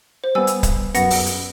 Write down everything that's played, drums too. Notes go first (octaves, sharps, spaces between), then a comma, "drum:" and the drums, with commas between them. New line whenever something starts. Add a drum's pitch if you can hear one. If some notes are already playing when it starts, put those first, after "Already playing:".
C5
G3 B3 G#5 E6
drum: hi-hat
drum: kick C#1, hi-hat
F#2 B3 F#5 A#6 C#7, drum: hi-hat
drum: open hi-hat
drum: hi-hat